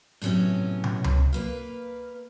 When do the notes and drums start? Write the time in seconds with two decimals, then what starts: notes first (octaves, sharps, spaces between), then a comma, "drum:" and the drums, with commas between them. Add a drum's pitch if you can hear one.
0.22 A2 C3 F#3 B3 C#4
0.84 drum: tom
1.04 drum: tom C#2
1.33 A#3 B4 F5